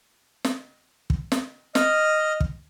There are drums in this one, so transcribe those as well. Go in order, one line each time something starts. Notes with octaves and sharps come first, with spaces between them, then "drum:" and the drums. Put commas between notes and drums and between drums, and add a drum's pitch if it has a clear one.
drum: snare
drum: kick
drum: snare
D#5 F6, drum: snare
drum: kick